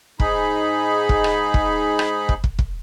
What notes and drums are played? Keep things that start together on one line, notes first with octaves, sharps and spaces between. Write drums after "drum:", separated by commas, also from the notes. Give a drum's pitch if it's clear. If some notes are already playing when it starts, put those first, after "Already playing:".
G#2 D#4 G#4 B5, drum: kick
drum: kick
drum: rim click
drum: kick
drum: rim click
drum: kick
drum: kick
drum: kick